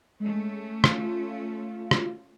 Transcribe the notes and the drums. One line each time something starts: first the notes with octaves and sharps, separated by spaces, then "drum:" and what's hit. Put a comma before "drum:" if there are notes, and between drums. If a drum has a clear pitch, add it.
G#3 A3 C#4
F4, drum: rim click
drum: rim click